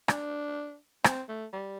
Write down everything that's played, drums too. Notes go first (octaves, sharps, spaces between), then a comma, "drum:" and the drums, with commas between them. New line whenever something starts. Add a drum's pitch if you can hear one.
D4, drum: rim click
C4, drum: rim click
A3
G3